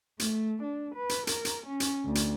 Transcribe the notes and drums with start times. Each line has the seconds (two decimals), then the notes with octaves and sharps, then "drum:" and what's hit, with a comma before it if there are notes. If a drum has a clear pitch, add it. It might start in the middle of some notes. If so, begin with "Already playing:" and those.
0.20 A3, drum: hi-hat
0.63 D4
0.95 B4
1.09 drum: hi-hat
1.27 A#4, drum: hi-hat
1.45 drum: hi-hat
1.66 C#4
1.80 drum: hi-hat
2.05 D2
2.15 drum: hi-hat